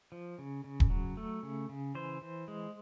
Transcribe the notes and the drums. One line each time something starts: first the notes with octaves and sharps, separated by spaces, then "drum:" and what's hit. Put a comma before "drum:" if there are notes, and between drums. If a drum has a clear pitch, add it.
F3
C#3
C#3
drum: kick D#1
F#3
A3
C#3
C#3
E3 C5
E3
G#3